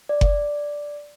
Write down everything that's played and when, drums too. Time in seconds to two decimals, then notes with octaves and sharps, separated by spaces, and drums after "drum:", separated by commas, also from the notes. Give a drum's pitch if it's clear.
0.09 D5
0.21 drum: kick F#1